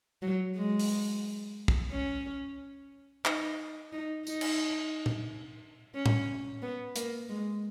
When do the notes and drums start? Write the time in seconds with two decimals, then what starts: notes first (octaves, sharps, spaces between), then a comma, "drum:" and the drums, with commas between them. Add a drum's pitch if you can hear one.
0.22 F#3
0.56 G#3
0.79 drum: open hi-hat
1.68 drum: kick
1.91 C#4
3.25 D#4, drum: clap
3.93 D#4
4.27 D#4, drum: tambourine
4.41 drum: cymbal
5.06 drum: tom A#2
5.95 C#4
6.06 drum: tom A2
6.62 B3
6.96 A#3, drum: hi-hat
7.29 G#3